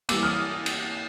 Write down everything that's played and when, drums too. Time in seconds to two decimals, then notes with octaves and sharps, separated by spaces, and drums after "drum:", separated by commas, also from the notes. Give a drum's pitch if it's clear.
0.09 E3 G3 A#3 D6 E6, drum: cymbal
0.23 D#6 F6
0.66 drum: cymbal